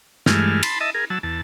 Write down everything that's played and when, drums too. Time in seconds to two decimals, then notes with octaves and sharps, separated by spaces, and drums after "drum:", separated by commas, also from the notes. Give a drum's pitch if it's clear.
0.26 G2 E3 G#3 A3 F6, drum: snare
0.63 A5 B5 C6, drum: cymbal
0.80 D#5 E5 A5
0.94 G#4 A#4
1.10 F#3 A5 E6
1.23 E2 A5